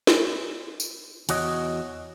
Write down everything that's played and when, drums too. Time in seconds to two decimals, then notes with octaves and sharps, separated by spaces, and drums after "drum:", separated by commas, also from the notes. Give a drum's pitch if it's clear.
0.07 drum: snare
0.80 drum: tambourine
1.29 E2 F#4 C#5 D#5, drum: cymbal